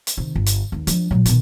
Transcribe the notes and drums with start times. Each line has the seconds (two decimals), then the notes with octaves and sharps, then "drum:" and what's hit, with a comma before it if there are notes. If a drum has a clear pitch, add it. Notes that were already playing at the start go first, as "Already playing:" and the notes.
0.07 drum: hi-hat
0.17 C3 D#3
0.36 G1
0.46 drum: hi-hat
0.72 D#2
0.87 F3 D4, drum: hi-hat
1.11 A#2 F#3
1.26 B2 D#3, drum: hi-hat